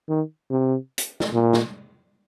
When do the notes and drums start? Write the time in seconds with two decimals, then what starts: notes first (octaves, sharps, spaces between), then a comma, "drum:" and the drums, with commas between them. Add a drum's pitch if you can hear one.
0.09 D#3
0.50 C3
0.98 drum: hi-hat
1.20 drum: snare
1.33 A#2
1.53 drum: snare